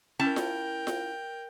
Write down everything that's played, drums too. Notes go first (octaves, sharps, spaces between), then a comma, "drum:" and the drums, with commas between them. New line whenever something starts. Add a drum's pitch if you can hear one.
C#4 E4 A#4 G5 A5
drum: snare F4
drum: snare F4